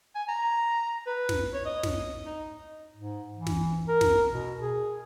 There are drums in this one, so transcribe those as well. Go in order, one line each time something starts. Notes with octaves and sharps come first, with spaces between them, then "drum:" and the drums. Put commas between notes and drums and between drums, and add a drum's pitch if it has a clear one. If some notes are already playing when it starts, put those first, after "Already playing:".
G#5
A#5
B4
drum: snare
C#5
D#5
drum: snare
D#4
G#2
E3
drum: snare
A#4
drum: snare
B2
G#4